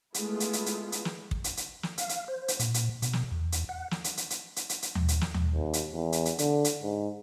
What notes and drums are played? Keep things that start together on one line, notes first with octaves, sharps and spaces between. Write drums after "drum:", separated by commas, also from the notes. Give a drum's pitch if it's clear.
G#3 A3 B3 E4 F4, drum: hi-hat
drum: hi-hat
drum: hi-hat
drum: hi-hat
drum: hi-hat
drum: snare
drum: kick
drum: hi-hat
drum: hi-hat
drum: snare
F5, drum: hi-hat
drum: hi-hat
C5
drum: hi-hat
A#2, drum: hi-hat
drum: hi-hat
B2, drum: hi-hat
drum: snare
E2
drum: hi-hat
F#5
drum: snare
drum: hi-hat
drum: hi-hat
drum: hi-hat
drum: hi-hat
drum: hi-hat
drum: hi-hat
drum: tom D#2
drum: hi-hat
drum: snare
drum: tom D#2
D#2
drum: hi-hat
E2
drum: hi-hat
drum: hi-hat
D3, drum: hi-hat
drum: hi-hat
G#2